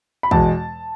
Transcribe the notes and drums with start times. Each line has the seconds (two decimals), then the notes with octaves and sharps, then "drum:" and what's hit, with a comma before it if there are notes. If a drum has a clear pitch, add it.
0.23 B5
0.31 E2 B2 G#3 A5, drum: kick